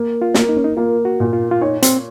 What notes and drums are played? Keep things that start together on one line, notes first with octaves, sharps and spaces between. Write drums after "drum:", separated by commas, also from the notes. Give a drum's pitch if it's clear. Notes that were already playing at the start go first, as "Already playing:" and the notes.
Already playing: A#3
F4
A#3, drum: snare
D#4
C#4
D#4
A#3 F4
F#4
A#2
F4
F4
D#4 C#5
C4, drum: hi-hat